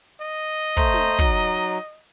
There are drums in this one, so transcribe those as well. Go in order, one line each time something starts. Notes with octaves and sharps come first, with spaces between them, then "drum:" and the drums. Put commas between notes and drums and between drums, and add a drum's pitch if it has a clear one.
D#5
A3 C5 A#5, drum: kick
drum: snare
F#3 D#4, drum: kick